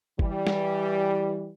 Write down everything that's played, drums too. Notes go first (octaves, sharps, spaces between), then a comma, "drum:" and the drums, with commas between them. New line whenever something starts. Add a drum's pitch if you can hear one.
E3 G3, drum: kick G1
drum: snare